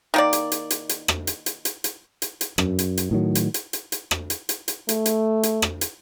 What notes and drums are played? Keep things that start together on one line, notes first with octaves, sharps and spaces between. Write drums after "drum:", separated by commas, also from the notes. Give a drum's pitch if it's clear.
D#3 A#3 D5
drum: hi-hat
drum: hi-hat
drum: hi-hat
drum: hi-hat
drum: rim click
drum: hi-hat
drum: hi-hat
drum: hi-hat
drum: hi-hat
drum: hi-hat
drum: hi-hat
F#2, drum: rim click
drum: hi-hat
drum: hi-hat
A2 D#3 F#3
drum: hi-hat
drum: hi-hat
drum: hi-hat
drum: hi-hat
drum: rim click
drum: hi-hat
drum: hi-hat
drum: hi-hat
A3, drum: hi-hat
drum: hi-hat
drum: hi-hat
drum: rim click
drum: hi-hat